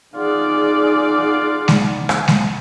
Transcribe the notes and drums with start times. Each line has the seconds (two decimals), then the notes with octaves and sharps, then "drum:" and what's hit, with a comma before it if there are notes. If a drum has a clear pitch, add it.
0.16 D#4 F4 G#4 D5 F5 F#5
1.68 drum: snare G#3
2.09 drum: rim click
2.28 drum: snare G#3